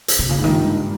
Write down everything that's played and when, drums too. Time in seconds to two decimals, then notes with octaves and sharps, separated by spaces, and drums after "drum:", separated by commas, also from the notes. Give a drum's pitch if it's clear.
0.08 drum: hi-hat
0.19 C3
0.29 A#2 C#3
0.38 G#2
0.44 G2 D#3